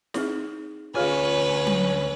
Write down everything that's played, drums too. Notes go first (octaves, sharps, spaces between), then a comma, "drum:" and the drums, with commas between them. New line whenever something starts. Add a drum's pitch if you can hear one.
C4 D#4 G#4, drum: snare
D2 C#4 F4 G#4 B4 C#5 F5 G#5
drum: tom F#3